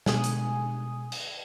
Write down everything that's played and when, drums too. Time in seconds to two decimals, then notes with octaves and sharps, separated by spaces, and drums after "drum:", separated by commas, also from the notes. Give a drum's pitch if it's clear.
0.06 B2 G#3 G#5 D#6, drum: snare
0.24 drum: hi-hat
1.12 drum: cymbal